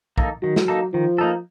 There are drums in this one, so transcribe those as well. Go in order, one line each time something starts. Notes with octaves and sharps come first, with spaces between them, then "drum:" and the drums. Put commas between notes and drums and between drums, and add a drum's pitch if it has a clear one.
A#3 D#4 A4, drum: kick
D#3 F#3
drum: snare
A#3 D#4 A4
D#3 F3
A#3 D#4 A4